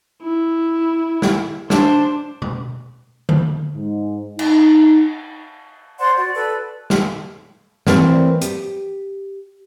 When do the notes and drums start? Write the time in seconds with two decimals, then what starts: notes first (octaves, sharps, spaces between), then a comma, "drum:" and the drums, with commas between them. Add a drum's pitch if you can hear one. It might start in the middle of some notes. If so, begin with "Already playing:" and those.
0.22 E4
1.22 drum: snare
1.70 D4 C5, drum: snare
2.42 drum: tom B2
3.29 drum: tom D3
3.75 G#2
4.39 D#4, drum: cymbal
5.98 C5 D5 F#5 C6
6.15 F#4 D5
6.34 A4 B4 D5
6.90 drum: snare
7.87 E3 A3 C4 A#4 C5 D5, drum: snare
8.42 G4, drum: hi-hat